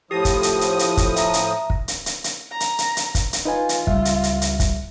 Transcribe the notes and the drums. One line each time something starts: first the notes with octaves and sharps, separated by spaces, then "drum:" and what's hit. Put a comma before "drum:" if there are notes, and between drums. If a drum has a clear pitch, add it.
A2 F3 G4 D#6 A#6
drum: kick, hi-hat
drum: hi-hat
drum: hi-hat
drum: hi-hat
drum: kick, hi-hat
E5 A#5 A#6, drum: hi-hat
drum: hi-hat
drum: kick
drum: hi-hat
drum: hi-hat
drum: hi-hat
A#5
drum: hi-hat
drum: hi-hat
drum: hi-hat
drum: kick, hi-hat
drum: hi-hat
D#4 F4 B4 G#5
drum: hi-hat
C#2 G3 E5, drum: kick
drum: hi-hat
drum: hi-hat
drum: hi-hat
drum: kick, hi-hat